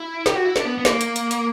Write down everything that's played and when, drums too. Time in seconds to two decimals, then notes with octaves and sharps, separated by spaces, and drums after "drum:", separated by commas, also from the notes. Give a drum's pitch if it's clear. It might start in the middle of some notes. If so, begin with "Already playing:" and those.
Already playing: E4
0.26 G4, drum: snare
0.35 F#4
0.45 E4
0.56 D4, drum: snare
0.65 B3
0.78 B3
0.85 A#3, drum: snare
1.01 drum: hi-hat
1.16 drum: hi-hat
1.31 drum: hi-hat